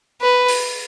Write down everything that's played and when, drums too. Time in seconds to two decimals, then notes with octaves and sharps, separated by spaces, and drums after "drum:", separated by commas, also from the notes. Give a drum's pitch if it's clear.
0.21 B4
0.48 drum: open hi-hat